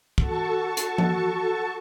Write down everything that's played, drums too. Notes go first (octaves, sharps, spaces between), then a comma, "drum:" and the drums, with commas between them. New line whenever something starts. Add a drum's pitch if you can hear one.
F#4 A4 A5 C#6, drum: kick
drum: hi-hat
drum: tom F3